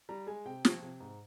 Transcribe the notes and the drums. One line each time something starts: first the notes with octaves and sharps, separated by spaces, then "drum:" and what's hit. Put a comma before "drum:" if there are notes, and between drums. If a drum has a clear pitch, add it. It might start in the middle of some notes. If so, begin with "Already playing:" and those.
G3 A#5
G#3 G#5
C3 G5
F3, drum: snare
C3
G#2